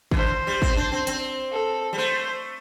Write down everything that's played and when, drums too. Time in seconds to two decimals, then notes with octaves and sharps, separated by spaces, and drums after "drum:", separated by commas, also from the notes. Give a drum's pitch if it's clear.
0.11 E3, drum: kick
0.17 D3 C5
0.47 G3
0.62 C4, drum: kick
0.76 D4
0.92 C4
1.07 C4, drum: hi-hat
1.52 A4
1.93 G3
1.97 A3 C5